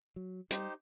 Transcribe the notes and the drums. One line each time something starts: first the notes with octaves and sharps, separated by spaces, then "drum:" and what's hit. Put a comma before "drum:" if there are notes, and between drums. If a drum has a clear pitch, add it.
F#3
G3 D#4 G4 C5, drum: hi-hat